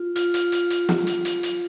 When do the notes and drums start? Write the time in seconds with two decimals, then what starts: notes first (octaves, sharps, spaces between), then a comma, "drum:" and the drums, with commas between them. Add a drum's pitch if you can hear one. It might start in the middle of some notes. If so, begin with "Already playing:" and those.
Already playing: F4
0.16 F4, drum: hi-hat
0.34 drum: hi-hat
0.52 drum: hi-hat
0.70 drum: hi-hat
0.89 drum: snare
1.07 drum: hi-hat
1.25 drum: hi-hat
1.43 drum: hi-hat